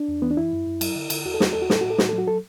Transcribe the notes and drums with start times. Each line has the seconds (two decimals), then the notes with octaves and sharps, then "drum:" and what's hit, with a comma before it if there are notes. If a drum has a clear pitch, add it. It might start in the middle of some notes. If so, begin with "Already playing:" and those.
Already playing: D4
0.08 E2
0.22 E3 B3
0.31 D4
0.37 F#2 E4
0.53 F#2
0.67 F#2
0.81 F#3, drum: cymbal
0.95 D3
1.10 D3, drum: cymbal
1.25 E2 F#4
1.34 A4
1.40 E2 F#4, drum: snare
1.53 E2 A4
1.62 F#4
1.70 A2 A4, drum: snare
1.81 A2 F#4
1.90 A4
1.98 A2 F#4, drum: snare
2.09 F#3 A4
2.18 F#4
2.27 F#3 A4